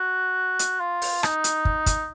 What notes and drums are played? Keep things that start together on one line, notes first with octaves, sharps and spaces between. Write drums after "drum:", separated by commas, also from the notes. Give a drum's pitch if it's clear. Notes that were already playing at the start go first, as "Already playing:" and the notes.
Already playing: F#4
drum: hi-hat
F4
drum: open hi-hat
D#4, drum: rim click
drum: hi-hat
drum: kick
drum: kick, hi-hat